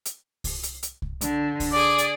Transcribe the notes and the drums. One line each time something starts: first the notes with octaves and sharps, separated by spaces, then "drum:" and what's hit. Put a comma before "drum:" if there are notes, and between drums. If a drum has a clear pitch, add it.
drum: hi-hat
drum: kick C2, open hi-hat
drum: hi-hat
drum: hi-hat
drum: kick C2
D3, drum: hi-hat
drum: kick C2, open hi-hat
G#4 D5 D6
drum: hi-hat